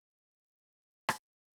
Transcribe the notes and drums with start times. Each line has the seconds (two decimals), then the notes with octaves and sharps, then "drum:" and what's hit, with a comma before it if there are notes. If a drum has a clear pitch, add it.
0.12 C#3 F5
0.27 C#3 C#4
0.50 F#3 G3
0.70 G#5 C6
1.09 drum: rim click
1.25 A2